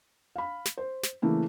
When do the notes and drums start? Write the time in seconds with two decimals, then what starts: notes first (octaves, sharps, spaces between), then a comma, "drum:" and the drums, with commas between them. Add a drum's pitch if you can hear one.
0.36 F5 B5
0.65 drum: snare
0.78 C5
1.03 drum: snare
1.22 C#3 E3 A3 A#3 E4